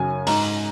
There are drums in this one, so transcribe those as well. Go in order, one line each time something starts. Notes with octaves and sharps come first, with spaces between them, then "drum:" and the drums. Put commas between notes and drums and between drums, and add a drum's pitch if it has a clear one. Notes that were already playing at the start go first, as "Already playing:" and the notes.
Already playing: F#2 C#3 F#3 G#5
G#2 A#5, drum: open hi-hat